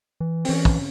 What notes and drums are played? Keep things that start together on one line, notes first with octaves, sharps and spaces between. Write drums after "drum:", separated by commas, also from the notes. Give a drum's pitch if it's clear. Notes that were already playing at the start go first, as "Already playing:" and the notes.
E3
C4, drum: open hi-hat
E3 C#4
drum: kick